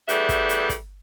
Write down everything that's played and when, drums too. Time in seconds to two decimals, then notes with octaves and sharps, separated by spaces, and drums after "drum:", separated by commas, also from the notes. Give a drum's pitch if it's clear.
0.09 E2 G3 A3 C5 E5 F#5, drum: hi-hat
0.29 drum: kick, hi-hat
0.49 drum: hi-hat
0.69 drum: kick, hi-hat